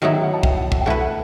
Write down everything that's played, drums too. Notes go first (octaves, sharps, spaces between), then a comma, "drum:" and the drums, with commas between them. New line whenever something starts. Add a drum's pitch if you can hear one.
D#3 F#3 B3 E4 E5
G5
F#5
A5
G5, drum: kick
F#5
E5, drum: kick
G5
A3 E4 B4 F#5
F#5